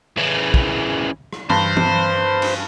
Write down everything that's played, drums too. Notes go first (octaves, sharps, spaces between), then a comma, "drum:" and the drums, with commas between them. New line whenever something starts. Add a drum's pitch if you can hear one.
C#3 E3
drum: kick
drum: rim click
G2 C5, drum: tom E3
drum: tom E3
drum: cymbal